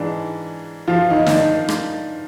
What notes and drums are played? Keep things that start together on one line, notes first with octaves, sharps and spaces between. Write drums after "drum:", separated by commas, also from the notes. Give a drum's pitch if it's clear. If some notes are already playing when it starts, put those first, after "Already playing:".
Already playing: G#2 E3 G#3 D4
F3 F4
D#3 D#4
D#4, drum: snare
D4
drum: rim click